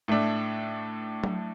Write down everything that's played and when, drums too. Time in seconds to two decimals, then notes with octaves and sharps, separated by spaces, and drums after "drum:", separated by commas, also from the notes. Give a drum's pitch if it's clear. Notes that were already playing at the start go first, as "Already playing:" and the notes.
0.08 A2 A3 D4
1.24 drum: tom F#3